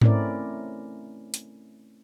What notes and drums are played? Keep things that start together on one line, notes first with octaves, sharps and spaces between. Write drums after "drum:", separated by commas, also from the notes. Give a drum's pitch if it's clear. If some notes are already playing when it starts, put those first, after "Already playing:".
A3 C4 C#4 E4 A#4 D5, drum: tom G#2
drum: hi-hat